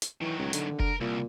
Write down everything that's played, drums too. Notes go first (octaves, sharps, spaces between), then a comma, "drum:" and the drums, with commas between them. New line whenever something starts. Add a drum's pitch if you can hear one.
drum: hi-hat
D#3 E3 F#3
C#2
D3, drum: hi-hat
A#4, drum: kick F1
C2 A#2